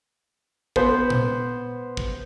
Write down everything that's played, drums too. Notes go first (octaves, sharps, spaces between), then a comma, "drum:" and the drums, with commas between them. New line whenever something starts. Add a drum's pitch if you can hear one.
B3 C5, drum: kick
drum: tom A#2
drum: kick